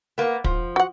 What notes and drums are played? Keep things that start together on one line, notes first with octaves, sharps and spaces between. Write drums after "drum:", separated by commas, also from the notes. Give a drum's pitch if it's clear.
A#3 B3
F3, drum: kick
F#4 F#5